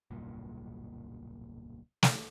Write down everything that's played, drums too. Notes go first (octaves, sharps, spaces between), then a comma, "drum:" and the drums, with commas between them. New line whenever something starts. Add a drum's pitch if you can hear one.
D1 B1 G2 A#2
drum: snare